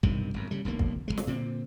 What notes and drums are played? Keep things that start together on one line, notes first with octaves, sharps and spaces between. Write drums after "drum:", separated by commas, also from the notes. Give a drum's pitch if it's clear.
B1 G2 C3 D#3, drum: kick
G1 F#2
C#3 G3
E1 B1 D3 A#3
drum: kick
G1 D#2 G#3
drum: snare
A#2 D3 C4